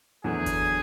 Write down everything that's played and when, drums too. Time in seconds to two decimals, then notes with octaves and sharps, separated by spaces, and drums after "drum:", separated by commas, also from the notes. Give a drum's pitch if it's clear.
0.24 E2 D3 F#3 A3 G#4
0.46 drum: kick G1, hi-hat